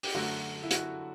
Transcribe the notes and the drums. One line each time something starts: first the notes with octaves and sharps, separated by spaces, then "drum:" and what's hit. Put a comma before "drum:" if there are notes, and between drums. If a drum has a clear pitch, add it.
G4, drum: open hi-hat
F#2 D3 A3 F#4
E4
F#4, drum: hi-hat